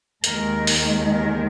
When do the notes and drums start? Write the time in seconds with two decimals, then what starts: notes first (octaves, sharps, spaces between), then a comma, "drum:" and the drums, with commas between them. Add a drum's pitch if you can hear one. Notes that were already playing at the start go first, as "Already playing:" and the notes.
0.24 D#2 D#3 G#3 A#4, drum: hi-hat
0.67 drum: open hi-hat
1.11 A#4